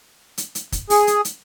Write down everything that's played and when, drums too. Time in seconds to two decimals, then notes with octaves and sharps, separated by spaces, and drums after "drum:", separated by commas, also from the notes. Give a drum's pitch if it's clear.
0.38 drum: hi-hat
0.55 drum: hi-hat
0.72 drum: kick, hi-hat
0.90 G#4, drum: open hi-hat
1.07 drum: hi-hat
1.25 drum: hi-hat